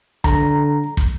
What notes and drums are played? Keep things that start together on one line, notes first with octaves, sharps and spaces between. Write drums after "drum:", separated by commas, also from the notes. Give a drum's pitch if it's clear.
D3 A#5, drum: kick
drum: kick